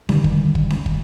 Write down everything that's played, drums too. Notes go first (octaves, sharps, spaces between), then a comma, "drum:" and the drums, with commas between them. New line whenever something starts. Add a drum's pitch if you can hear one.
D3 D#3 G3, drum: snare C#4
drum: kick
drum: kick
drum: snare C#4
drum: kick